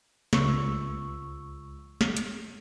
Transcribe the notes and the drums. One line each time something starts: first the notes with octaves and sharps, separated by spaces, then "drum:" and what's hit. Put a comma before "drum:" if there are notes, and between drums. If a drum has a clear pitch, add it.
C#2 C#6 E6, drum: snare
drum: snare
drum: hi-hat